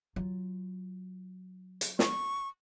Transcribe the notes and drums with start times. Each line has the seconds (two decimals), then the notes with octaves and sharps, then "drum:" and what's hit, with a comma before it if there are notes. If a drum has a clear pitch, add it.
0.16 F#3 F4
1.81 drum: hi-hat
1.99 C#6, drum: snare